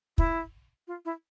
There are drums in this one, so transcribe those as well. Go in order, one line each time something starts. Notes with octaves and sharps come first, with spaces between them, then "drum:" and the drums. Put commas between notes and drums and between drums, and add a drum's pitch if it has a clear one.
E4, drum: kick
F4
E4